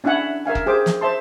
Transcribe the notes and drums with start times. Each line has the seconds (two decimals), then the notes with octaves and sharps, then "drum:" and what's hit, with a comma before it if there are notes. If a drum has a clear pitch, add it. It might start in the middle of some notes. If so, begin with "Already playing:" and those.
0.04 C#4 D4 E4 E5 F#5 G#5
0.46 A#4 E5 F5 G#5
0.55 drum: kick F#1
0.66 G4 G#4 C5 D6
0.86 drum: snare
1.01 C5 E5 A5 C6